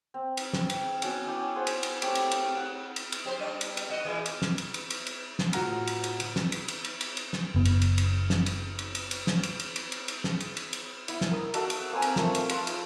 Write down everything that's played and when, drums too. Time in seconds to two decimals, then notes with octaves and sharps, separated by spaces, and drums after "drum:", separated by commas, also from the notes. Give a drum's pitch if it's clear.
0.14 C4
0.37 drum: cymbal
0.53 drum: snare
0.70 drum: cymbal
1.02 F#3 B3 C#4, drum: cymbal
1.24 C#4 E4 D5 G5
1.56 G#4 C5 F#5
1.67 drum: cymbal
1.83 drum: cymbal
2.02 A3 C4 G4 C#5, drum: cymbal
2.15 drum: cymbal
2.31 drum: cymbal
2.56 F#5
2.96 drum: cymbal
3.12 drum: cymbal
3.25 F#3 G4 C5
3.40 G3 C4 D4
3.61 drum: cymbal
3.77 drum: cymbal
3.90 F#4 D#5
4.05 A#2 E3 G#3
4.26 drum: cymbal
4.42 drum: snare
4.58 drum: cymbal
4.74 drum: cymbal
4.90 drum: cymbal
5.07 drum: cymbal
5.39 drum: snare
5.53 A2 F4 F#4 F#5 A#5 F6, drum: cymbal
5.87 drum: cymbal
6.04 drum: cymbal
6.20 drum: cymbal
6.36 drum: snare
6.52 drum: cymbal
6.68 drum: cymbal
6.85 drum: cymbal
7.01 drum: cymbal
7.17 drum: cymbal
7.33 drum: snare
7.55 F#1 B3
7.65 drum: cymbal
7.82 drum: cymbal
7.98 drum: cymbal
8.30 drum: snare
8.46 drum: cymbal
8.79 drum: cymbal
8.95 drum: cymbal
9.11 drum: cymbal
9.27 drum: snare
9.43 drum: cymbal
9.60 drum: cymbal
9.76 drum: cymbal
9.92 drum: cymbal
10.08 drum: cymbal
10.24 drum: snare
10.40 drum: cymbal
10.57 drum: cymbal
10.73 drum: cymbal
11.08 B3 E4, drum: cymbal
11.21 drum: snare
11.31 A#4 D#6
11.54 F#4 A4 E5 F5, drum: cymbal
11.70 drum: cymbal
11.92 A#3 C4 A#4 G#5
12.02 drum: cymbal
12.16 F3 A3 A#4 C#6, drum: snare
12.35 drum: cymbal
12.49 F4 B4, drum: cymbal
12.67 drum: cymbal